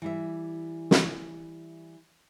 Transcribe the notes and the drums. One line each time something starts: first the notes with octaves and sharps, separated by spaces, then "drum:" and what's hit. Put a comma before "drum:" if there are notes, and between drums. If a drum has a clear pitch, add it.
E3 G3 E5
drum: snare